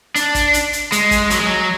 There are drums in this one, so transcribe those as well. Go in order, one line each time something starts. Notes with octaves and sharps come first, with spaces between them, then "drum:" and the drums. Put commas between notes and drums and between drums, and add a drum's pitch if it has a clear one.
D4, drum: hi-hat
drum: kick, hi-hat
drum: hi-hat
drum: hi-hat
G#3, drum: hi-hat
drum: kick, hi-hat
F#3, drum: hi-hat
G#3
F#3